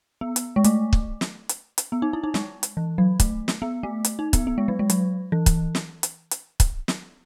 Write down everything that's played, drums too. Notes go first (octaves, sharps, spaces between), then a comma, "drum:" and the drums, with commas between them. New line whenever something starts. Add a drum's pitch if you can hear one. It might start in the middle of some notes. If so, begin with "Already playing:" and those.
B3
drum: hi-hat
G#3
A3, drum: hi-hat
drum: kick
drum: snare
drum: hi-hat
drum: hi-hat
B3
D#4
E4
D#4
G#3, drum: snare
drum: hi-hat
E3
F#3
A3, drum: kick, hi-hat
drum: snare
B3
A3
drum: hi-hat
D#4
B3, drum: kick, hi-hat
B3
G#3
F#3
G#3
F#3, drum: hi-hat
E3
drum: kick, hi-hat
drum: snare
drum: hi-hat
drum: hi-hat
drum: kick, hi-hat
drum: snare